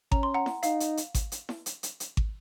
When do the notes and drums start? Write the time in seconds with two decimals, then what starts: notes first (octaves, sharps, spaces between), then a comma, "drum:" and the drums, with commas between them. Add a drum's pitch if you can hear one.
0.12 C#4 A#5, drum: kick G#1
0.23 C6
0.34 F#5 A#5
0.46 drum: snare E4
0.63 D#4 F5, drum: hi-hat
0.80 drum: hi-hat
0.97 drum: hi-hat
1.15 drum: kick G#1, hi-hat
1.32 drum: hi-hat
1.49 drum: snare E4
1.66 drum: hi-hat
1.83 drum: hi-hat
2.00 drum: hi-hat
2.17 drum: kick G#1